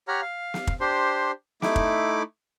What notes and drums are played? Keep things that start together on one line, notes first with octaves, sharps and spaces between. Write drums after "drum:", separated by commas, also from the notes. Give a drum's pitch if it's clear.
G4 C#5 F#5 A#5 F6
F5
drum: snare
drum: kick
D4 G4 C5 C6
A3 D#4 E4 D6, drum: snare
drum: kick